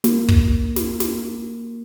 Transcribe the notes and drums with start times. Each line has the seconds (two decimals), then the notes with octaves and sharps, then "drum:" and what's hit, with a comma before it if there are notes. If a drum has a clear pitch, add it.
0.04 A#3, drum: snare
0.28 drum: kick
0.76 drum: snare
1.00 drum: snare